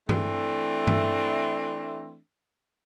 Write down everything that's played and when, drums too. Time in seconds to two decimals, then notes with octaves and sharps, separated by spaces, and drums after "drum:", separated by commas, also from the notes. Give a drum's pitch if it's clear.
0.09 E3 A3 C4 D4, drum: tom G2
0.87 drum: tom G2